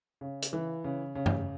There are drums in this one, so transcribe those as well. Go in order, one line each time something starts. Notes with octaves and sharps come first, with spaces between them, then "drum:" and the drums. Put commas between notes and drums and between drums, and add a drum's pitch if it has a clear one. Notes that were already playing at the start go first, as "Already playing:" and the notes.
C#3
drum: hi-hat
E3
C#3
C#3
drum: tom G2